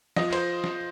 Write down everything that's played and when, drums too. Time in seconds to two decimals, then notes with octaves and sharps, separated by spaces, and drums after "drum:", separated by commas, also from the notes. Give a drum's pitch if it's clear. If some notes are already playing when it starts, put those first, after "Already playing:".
0.17 F3 D#5, drum: snare
0.33 C5, drum: cymbal
0.64 drum: snare